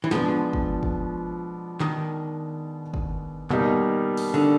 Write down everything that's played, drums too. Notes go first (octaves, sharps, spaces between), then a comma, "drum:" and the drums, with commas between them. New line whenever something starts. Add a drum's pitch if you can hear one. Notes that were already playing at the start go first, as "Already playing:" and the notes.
E3
B2 F3 G#3 B3 D4, drum: snare
drum: kick
drum: kick
D#3, drum: clap
drum: kick
B2 G3 A#3 D#4, drum: clap
drum: open hi-hat
D3